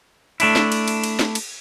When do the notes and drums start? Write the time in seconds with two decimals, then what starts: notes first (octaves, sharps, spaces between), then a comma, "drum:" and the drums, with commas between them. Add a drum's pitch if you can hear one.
0.40 A3 D4 E4, drum: cymbal
0.56 drum: snare
0.72 drum: cymbal
0.88 drum: cymbal
1.03 drum: cymbal
1.19 drum: snare
1.35 drum: cymbal